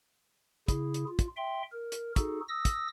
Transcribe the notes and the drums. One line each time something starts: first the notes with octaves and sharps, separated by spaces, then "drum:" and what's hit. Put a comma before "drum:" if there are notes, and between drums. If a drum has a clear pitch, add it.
C#3 E4 G#4, drum: kick, hi-hat
drum: hi-hat
F4
drum: kick, hi-hat
E5 G5 C6
A#4
drum: hi-hat
D#4 F#4 G#4 A4, drum: kick, hi-hat
D#6 E6 A#6
drum: kick, hi-hat